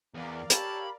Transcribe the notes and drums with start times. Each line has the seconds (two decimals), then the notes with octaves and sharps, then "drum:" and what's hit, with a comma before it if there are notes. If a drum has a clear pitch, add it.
0.15 E2 B3 A#4 D5 F5
0.50 G4 A4 C#5 A5 B5, drum: hi-hat